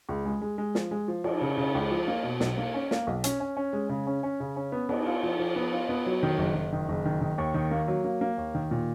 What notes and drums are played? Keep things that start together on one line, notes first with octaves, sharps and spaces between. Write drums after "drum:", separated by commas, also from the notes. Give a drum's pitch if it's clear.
C#2
G#3
G#3
G#3
F3, drum: snare
G#3
F3
F3, drum: cymbal
C#3
C#3
C#2
F3
A#3
B2
B1, drum: snare
A#3
C#4
A#3, drum: snare
B1
C#4, drum: hi-hat
C#4
C#4
G#3
C#3
C#4
C#4
C#3
C#4
B3
B3, drum: cymbal
F4
F3
F3
B3
F4
B3
F#3
D#3
F#1
F#1
D#3
F#1
D#3
D#3
D#2
D#3
A#3
F#3
A#3
A#3
D#2
D#3
A#2